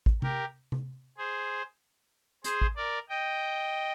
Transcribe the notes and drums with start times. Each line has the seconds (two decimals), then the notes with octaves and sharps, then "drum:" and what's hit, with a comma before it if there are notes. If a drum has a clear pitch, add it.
0.06 drum: kick A1
0.22 G4 A#4, drum: tom C3
0.72 drum: tom C3
1.17 G#4 C5
2.44 G#4 C5, drum: hi-hat
2.61 drum: kick A1
2.76 A#4 D5
3.09 D#5 G5